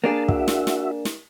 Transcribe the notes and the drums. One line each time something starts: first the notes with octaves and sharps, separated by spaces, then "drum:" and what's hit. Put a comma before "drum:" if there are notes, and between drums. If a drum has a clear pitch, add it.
A#3 D4 G#4 A5
F#4 E5, drum: kick
drum: snare
drum: snare
drum: snare